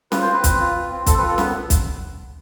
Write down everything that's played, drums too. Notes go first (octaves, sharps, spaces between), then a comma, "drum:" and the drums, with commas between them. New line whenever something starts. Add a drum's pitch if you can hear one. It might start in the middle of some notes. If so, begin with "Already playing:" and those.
F4 B4, drum: snare C#4
C5
C4
B4
C4, drum: kick, hi-hat
F4
F4
C4
C4 A4, drum: kick, hi-hat
B4
F4 A4
B3 B4, drum: snare C#4
drum: kick, hi-hat